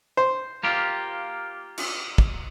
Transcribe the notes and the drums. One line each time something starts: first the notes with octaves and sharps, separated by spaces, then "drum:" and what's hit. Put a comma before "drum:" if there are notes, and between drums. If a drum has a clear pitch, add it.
C5
A#3 F4 G4
drum: cymbal
drum: kick